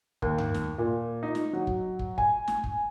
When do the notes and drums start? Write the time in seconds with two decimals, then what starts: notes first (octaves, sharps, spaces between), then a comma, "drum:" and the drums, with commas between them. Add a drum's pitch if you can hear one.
0.22 D#2, drum: kick
0.38 drum: tom F#2
0.54 drum: snare
0.78 A#2
1.23 D#4
1.35 drum: snare
1.53 F#3
1.67 drum: kick
1.99 drum: kick
2.18 G#5, drum: kick
2.48 drum: snare
2.64 drum: kick